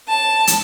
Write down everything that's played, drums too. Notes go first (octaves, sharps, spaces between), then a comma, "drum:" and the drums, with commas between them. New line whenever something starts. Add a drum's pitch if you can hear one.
A5
drum: hi-hat